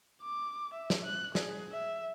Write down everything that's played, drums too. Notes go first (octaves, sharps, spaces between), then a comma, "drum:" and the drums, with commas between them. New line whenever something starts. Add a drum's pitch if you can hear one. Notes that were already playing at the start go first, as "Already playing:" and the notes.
D6
E5
drum: snare
F#6
G#4, drum: snare
E5